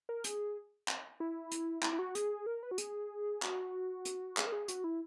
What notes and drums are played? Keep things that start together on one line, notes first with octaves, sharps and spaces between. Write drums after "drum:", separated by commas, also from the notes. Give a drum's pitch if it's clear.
A#4
G#4, drum: hi-hat
drum: clap
E4
drum: hi-hat
E4, drum: clap
E4
F#4
G#4, drum: hi-hat
A#4
B4
F#4
G#4, drum: hi-hat
F#4, drum: clap
drum: hi-hat
G#4, drum: clap
A#4
G#4
F#4, drum: hi-hat
E4